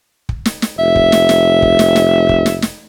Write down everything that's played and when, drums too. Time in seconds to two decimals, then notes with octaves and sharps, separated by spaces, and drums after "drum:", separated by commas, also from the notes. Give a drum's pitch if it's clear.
0.29 drum: kick
0.46 drum: snare
0.62 drum: snare
0.79 F1 E5
0.96 drum: kick
1.12 drum: snare
1.29 drum: snare
1.62 drum: kick
1.79 drum: snare
1.96 drum: snare
2.29 drum: kick
2.46 drum: snare
2.62 drum: snare